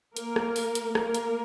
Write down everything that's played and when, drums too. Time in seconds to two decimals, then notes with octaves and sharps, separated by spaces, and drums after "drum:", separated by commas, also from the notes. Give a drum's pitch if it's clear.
0.17 A#3 A#4, drum: hi-hat
0.36 drum: rim click
0.56 drum: open hi-hat
0.75 drum: hi-hat
0.95 A#3 A#4, drum: rim click
1.15 drum: hi-hat